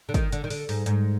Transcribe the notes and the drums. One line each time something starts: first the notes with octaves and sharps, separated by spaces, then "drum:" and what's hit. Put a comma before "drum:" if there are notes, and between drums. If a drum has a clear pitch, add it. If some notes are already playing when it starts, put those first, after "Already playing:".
D3
D#3, drum: kick, hi-hat
D3, drum: hi-hat
D#3
D3, drum: open hi-hat
G#2, drum: open hi-hat
G#2, drum: hi-hat